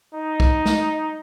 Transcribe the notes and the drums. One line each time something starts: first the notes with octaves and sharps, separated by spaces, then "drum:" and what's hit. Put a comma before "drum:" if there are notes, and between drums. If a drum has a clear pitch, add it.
D#4
drum: kick B1
drum: snare